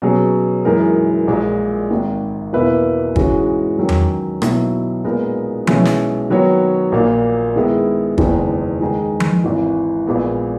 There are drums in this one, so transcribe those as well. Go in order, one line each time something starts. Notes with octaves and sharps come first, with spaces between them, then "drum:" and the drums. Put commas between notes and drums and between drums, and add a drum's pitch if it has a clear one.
B2 F#3 C#4 G#4
F#2 E3 G#3 D#4 A#4
A#1 A#2 G#3
G#1 G#2 D#3
E2 B2 A#3 E4 B4
G#2 E3 G#3 C#4 F#4, drum: kick G1
D#3 F#3 C#4
drum: tom E2
B1 B2 F#3 B3 E4, drum: rim click
A#2 G#3 B3 D#4 A#4
B1 B2 G#3 C#4 E4, drum: tom F3
drum: snare
D#3 F#3 B3 F#4 C#5
A#1 A#2 A#3
D#3 G#3 B3 E4 G#4
F#1 E2 D#3 G#3, drum: kick G1
D#3 G#3 D#4 G#4
drum: tom F3
G#1 G#2 E3
A#1 A#2 G#3 B3